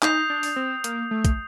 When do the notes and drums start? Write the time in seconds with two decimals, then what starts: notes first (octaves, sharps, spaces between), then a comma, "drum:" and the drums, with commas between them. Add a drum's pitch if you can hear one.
0.02 D#4 D#6 G6 C7 F7, drum: clap
0.30 D4
0.43 drum: open hi-hat
0.56 C4
0.84 A#3, drum: hi-hat
1.11 A3
1.25 drum: kick, hi-hat